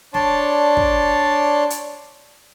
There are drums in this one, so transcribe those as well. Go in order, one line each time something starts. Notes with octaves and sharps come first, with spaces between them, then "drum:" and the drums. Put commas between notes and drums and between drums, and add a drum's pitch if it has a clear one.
D4 C#5 D5 A5 C6, drum: snare
drum: kick
drum: hi-hat